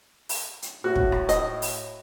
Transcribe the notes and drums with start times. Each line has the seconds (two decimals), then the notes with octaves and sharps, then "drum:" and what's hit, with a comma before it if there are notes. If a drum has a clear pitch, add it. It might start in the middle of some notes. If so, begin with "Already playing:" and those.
0.29 drum: open hi-hat
0.62 drum: hi-hat
0.84 A2 F#4
0.96 drum: kick
1.12 drum: rim click
1.29 D#5, drum: hi-hat
1.62 drum: open hi-hat